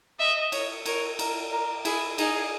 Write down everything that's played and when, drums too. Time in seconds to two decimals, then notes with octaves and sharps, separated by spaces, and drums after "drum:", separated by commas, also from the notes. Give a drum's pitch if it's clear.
0.20 D#5 E5
0.52 C#5, drum: cymbal
0.86 A#4 C#5, drum: cymbal
1.19 A#4, drum: cymbal
1.52 A#4
1.85 E4 G#4, drum: cymbal
2.18 D#4 G#4, drum: cymbal